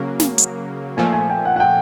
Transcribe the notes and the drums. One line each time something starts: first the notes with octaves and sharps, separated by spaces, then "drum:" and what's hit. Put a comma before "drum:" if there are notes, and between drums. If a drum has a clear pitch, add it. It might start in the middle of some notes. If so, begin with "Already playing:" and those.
Already playing: C#3 F#3 A#3
drum: snare
drum: hi-hat
A#2 F3 A3 G#5
G#5
G5
F#5
F#5
G5